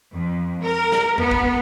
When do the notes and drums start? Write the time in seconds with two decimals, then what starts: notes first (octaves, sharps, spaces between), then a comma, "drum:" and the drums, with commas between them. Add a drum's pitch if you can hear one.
0.12 F2
0.61 A#4
0.92 drum: snare
1.18 B3, drum: tom E2
1.31 drum: kick